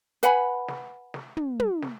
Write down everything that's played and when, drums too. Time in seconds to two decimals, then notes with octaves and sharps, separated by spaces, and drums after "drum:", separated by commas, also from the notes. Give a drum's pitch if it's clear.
0.23 B4 F#5 G#5 B5, drum: hi-hat
0.68 drum: snare
1.14 drum: snare
1.37 drum: tom
1.60 drum: tom
1.82 drum: snare